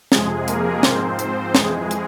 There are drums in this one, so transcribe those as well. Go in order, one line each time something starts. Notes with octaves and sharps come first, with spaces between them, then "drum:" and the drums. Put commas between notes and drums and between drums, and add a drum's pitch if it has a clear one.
F2 C3 F3 G#3 G#4, drum: snare
A#3 A#4, drum: hi-hat
G#2 F3 C4 C5, drum: snare
C4 C5, drum: hi-hat
F2 E3 G#3 G#4, drum: snare
drum: hi-hat